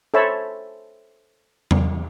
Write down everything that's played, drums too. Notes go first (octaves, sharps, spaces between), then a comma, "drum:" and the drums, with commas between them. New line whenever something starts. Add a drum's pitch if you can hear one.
A4 C5 C#5 E5 A5 B5
drum: tom